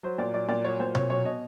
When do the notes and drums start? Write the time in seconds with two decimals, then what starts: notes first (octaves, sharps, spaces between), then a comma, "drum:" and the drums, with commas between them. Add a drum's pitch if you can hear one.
0.03 F#3 C5
0.18 A#2 D5
0.34 F#3 D5
0.49 A#2 D5
0.64 F#3 C#5
0.80 A#2 C5
0.95 C4 C#5, drum: tom B2
1.10 F#3 C#5
1.25 B2 D#5